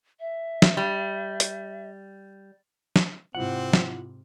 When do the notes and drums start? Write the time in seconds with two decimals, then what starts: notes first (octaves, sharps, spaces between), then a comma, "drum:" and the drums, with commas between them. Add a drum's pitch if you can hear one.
0.20 E5
0.62 drum: snare
0.77 G3
1.40 drum: hi-hat
2.96 drum: snare
3.35 G#2 C3 C4 E4 F4 F#5
3.73 drum: snare